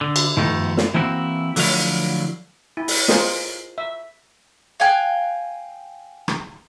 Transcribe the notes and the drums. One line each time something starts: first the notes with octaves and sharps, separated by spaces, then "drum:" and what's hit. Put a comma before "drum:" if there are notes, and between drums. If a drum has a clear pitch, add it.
D3
drum: cymbal
D#3 F3 A3 B3 D#4, drum: tom
drum: snare
E3 A#3 C4 E4 F#4
D3 F3 F#3 A3 E4 F5, drum: open hi-hat
E4
drum: open hi-hat
F4 G#4 A#4 C5 D#5, drum: snare
E5
F5 G5 G#5 F#6
drum: rim click